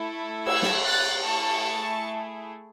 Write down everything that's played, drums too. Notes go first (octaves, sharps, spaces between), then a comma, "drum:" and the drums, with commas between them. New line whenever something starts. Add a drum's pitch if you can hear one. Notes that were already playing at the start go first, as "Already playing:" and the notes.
Already playing: A3 E4 A4
E6 G#6, drum: cymbal
drum: snare
F#6 A6
A3 E4 G#4 A5 C#6